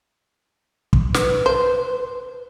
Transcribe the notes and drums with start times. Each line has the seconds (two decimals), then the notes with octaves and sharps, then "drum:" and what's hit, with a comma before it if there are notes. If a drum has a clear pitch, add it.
0.93 drum: kick
1.14 B4, drum: snare
1.46 C5